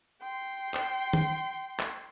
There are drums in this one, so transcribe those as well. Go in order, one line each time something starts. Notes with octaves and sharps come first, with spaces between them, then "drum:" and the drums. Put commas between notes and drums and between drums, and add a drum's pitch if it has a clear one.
G5 C6
drum: clap
drum: tom
drum: clap